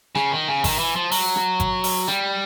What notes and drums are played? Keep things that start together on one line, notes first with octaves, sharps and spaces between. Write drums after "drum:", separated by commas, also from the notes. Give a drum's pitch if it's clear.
C#3, drum: rim click
D#3
C#3
D#3, drum: kick G#1, open hi-hat
E3
F3
F#3, drum: open hi-hat
drum: rim click
drum: kick G#1, hi-hat
drum: open hi-hat
G3, drum: rim click